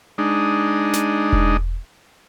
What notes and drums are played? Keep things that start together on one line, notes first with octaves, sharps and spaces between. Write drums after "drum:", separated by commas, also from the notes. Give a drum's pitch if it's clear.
G#3 D4 D#4
drum: snare
drum: kick E1